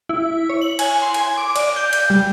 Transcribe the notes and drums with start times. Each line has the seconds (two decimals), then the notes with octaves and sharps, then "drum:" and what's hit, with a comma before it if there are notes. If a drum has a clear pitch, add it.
0.09 E4
0.49 C#5
0.62 F#7
0.79 G#5, drum: cymbal
1.02 C6
1.14 G#5, drum: cymbal
1.37 D6
1.56 D5, drum: cymbal
1.76 G6
1.93 G6, drum: cymbal
2.10 G3